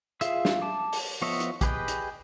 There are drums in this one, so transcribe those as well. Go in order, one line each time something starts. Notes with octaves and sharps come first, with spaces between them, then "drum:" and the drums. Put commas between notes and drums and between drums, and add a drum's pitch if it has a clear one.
F4 G#4 E5 F5 E6, drum: hi-hat
drum: snare
A5 D6
drum: open hi-hat
F3 B3 C#5 D#5 E5
drum: hi-hat
G4 G#4 B4 D#5 G5, drum: kick, hi-hat
drum: hi-hat